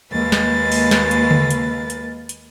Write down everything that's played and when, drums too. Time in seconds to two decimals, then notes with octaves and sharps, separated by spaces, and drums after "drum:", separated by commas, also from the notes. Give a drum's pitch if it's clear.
0.13 D#2 G#3 A#3 B4 A6
0.32 drum: snare
0.72 drum: open hi-hat
0.91 drum: snare
1.11 drum: hi-hat
1.31 drum: tom C#3
1.50 drum: hi-hat
1.90 drum: hi-hat
2.29 drum: hi-hat